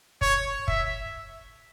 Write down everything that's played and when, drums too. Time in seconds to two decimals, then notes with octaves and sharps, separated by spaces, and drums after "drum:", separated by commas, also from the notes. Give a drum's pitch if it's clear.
0.21 C#5, drum: kick
0.68 E5, drum: kick